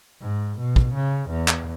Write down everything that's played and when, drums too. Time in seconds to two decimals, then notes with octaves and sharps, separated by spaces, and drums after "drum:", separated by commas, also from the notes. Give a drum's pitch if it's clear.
0.22 G#2
0.59 B2
0.76 drum: kick
0.94 C#3
1.30 E2
1.48 drum: clap